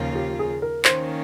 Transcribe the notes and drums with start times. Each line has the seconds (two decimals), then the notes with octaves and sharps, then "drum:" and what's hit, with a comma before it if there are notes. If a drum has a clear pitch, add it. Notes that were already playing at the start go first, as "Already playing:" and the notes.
Already playing: D#2 C#3 F3 A#3 F4
0.15 G4
0.39 G#4
0.62 A#4
0.85 D#3 A#3 C#4 C5, drum: clap